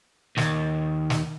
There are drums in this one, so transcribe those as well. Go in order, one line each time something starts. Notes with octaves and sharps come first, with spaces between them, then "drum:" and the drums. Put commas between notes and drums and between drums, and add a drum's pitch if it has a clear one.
D#2, drum: snare
drum: snare